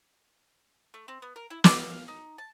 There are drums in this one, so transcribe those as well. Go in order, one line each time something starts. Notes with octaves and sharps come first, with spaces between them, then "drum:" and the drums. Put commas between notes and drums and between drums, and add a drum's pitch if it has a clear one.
A3
C4
B3
A#4
E4
D6, drum: snare
F5
F5
D#4
A5